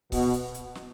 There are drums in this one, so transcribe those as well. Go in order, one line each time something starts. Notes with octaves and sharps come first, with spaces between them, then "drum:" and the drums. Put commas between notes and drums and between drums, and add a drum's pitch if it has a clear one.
B2, drum: kick C#1, open hi-hat
drum: hi-hat
drum: hi-hat
drum: snare